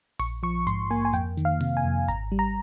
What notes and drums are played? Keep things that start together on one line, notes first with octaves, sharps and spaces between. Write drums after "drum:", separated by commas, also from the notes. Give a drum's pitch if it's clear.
A#1 C#6, drum: open hi-hat
F3 C#6
G#2 C6, drum: hi-hat
A#3 G#5
G#5
F2 G5, drum: hi-hat
D#3, drum: hi-hat
F5
C3, drum: open hi-hat
G#5
F2
G#1 A#5, drum: hi-hat
G3
A#5